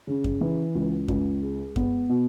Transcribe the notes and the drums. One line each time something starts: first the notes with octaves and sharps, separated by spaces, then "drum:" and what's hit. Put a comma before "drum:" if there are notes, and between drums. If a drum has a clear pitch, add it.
C#3
drum: kick F#2
E3
C#2
C#2, drum: kick F#2
G#3
B3, drum: kick F#2
B2